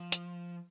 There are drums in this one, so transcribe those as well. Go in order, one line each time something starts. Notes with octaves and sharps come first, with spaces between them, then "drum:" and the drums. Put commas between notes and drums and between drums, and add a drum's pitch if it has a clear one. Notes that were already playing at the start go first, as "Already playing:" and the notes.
Already playing: F3
drum: hi-hat